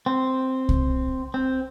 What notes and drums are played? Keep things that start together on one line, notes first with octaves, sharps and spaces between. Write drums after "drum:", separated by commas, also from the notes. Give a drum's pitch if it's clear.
C4
drum: kick C2
C4